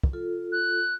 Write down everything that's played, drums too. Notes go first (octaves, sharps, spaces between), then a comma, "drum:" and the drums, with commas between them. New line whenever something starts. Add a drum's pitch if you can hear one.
drum: kick
F4 A4
F#6